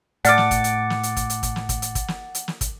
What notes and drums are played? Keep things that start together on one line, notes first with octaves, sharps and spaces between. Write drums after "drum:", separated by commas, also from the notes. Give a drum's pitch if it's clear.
A2 D5 F#5 A5 D6 F6 A6, drum: hi-hat
drum: snare
drum: kick, hi-hat
drum: hi-hat
drum: snare
drum: hi-hat
drum: kick, hi-hat
drum: hi-hat
drum: kick, hi-hat
drum: snare
drum: kick, hi-hat
drum: hi-hat
drum: kick, hi-hat
drum: snare
drum: hi-hat
drum: snare
drum: kick, hi-hat